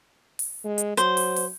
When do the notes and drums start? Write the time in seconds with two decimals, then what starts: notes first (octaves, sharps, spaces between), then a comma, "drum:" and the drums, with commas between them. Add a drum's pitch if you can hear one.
0.39 drum: open hi-hat
0.64 G#3
0.78 drum: hi-hat
0.97 F#3 C5, drum: hi-hat
1.17 drum: open hi-hat
1.36 drum: open hi-hat